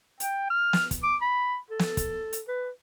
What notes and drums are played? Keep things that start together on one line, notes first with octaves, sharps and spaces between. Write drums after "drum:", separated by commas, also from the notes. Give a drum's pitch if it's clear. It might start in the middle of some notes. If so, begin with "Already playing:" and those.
G5, drum: hi-hat
F6
drum: snare
drum: kick, hi-hat
D6
B5
A4
drum: snare
drum: kick, hi-hat
drum: hi-hat
B4